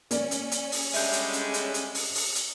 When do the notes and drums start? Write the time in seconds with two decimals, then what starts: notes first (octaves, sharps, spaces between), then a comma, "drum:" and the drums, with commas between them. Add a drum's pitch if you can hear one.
0.11 A#3 C#4 D5, drum: hi-hat
0.31 drum: hi-hat
0.52 drum: hi-hat
0.72 drum: open hi-hat
0.94 D3 G3 G#3 E5 G6, drum: open hi-hat
1.13 drum: hi-hat
1.33 drum: hi-hat
1.54 drum: hi-hat
1.74 drum: hi-hat
1.95 drum: open hi-hat
2.15 drum: open hi-hat
2.35 drum: hi-hat